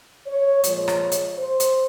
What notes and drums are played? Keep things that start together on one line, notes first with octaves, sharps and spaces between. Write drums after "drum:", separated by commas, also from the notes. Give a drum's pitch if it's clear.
C#5
A#2 F3 G#3 C#5, drum: hi-hat
drum: rim click
drum: hi-hat
C5
drum: hi-hat